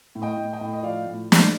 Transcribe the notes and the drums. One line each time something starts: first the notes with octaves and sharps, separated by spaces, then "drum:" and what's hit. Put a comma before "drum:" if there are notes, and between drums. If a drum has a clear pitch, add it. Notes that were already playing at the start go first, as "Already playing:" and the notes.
A2
D#5 G5
A2
D#5 G5
A2
D#5
F3 D5 F5
A2
drum: snare